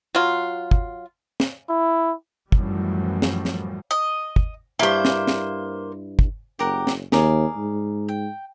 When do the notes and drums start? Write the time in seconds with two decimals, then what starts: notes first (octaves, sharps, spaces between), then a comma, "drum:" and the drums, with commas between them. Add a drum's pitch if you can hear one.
0.15 F#3 F4
0.71 drum: kick
1.40 drum: snare
1.69 E4
2.52 F#2 A2 E3 F3 G3, drum: kick
3.22 drum: snare
3.45 drum: snare
3.91 D#5
4.36 drum: kick
4.79 G2 A#3 E4 C5
5.05 drum: snare
5.27 drum: snare
6.19 drum: kick
6.59 F#1 G4 A#4 F#5
6.87 drum: snare
7.12 D#2 G#4 A#4 D5, drum: snare
7.57 G#2
8.08 G5